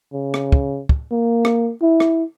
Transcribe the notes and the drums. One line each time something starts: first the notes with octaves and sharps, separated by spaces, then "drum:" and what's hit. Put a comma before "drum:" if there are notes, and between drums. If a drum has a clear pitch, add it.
C#3
drum: rim click
drum: kick
drum: kick
A#3
drum: rim click
E4
drum: rim click